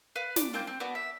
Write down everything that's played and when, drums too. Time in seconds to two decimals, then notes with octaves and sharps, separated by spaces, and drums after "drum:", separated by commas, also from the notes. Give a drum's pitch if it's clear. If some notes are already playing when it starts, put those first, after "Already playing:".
0.16 B4 F5
0.36 D5, drum: snare
0.53 A#3 C4 F4 G6
0.67 C4
0.80 B3 D4 F#4
0.95 E5